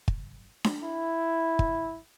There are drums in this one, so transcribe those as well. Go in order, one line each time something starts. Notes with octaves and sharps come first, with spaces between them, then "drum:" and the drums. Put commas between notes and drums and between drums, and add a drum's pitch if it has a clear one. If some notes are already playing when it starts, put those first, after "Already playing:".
drum: kick
drum: snare D4
E4
drum: kick